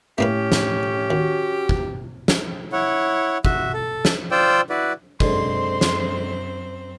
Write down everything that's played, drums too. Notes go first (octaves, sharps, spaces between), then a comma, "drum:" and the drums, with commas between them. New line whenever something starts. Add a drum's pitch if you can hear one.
A2 A3 A#3 C#4 G4 B4
drum: snare
D#2 F#4
drum: kick
drum: snare
E4 C#5 F#5
F#4 E5, drum: kick
A4
drum: snare
F4 C5 D5 G5 E6
E4 F#4 B4 D5
F#2 D3 G#3 C4 C5 C6, drum: kick
drum: snare